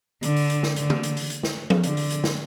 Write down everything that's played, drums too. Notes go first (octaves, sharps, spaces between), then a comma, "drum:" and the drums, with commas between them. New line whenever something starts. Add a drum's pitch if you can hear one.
D3, drum: hi-hat
drum: open hi-hat
drum: hi-hat
drum: snare
D3, drum: hi-hat
drum: tom D3
drum: hi-hat
drum: open hi-hat
drum: hi-hat
drum: snare
drum: tom F3
D3, drum: hi-hat
drum: open hi-hat
drum: hi-hat
drum: snare